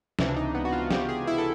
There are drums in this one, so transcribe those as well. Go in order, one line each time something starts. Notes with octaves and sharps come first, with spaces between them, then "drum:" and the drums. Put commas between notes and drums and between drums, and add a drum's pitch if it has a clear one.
C#2 C3 E3 E4, drum: snare
D4
D#4
B3
F#4
F4
G4, drum: snare
G#4
E4
A4